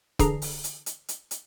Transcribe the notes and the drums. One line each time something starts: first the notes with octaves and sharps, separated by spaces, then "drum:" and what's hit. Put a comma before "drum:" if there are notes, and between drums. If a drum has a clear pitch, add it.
D3 E3 D4 G#4 A#5 C7, drum: kick C#1, hi-hat
drum: open hi-hat
drum: hi-hat
drum: hi-hat
drum: hi-hat
drum: hi-hat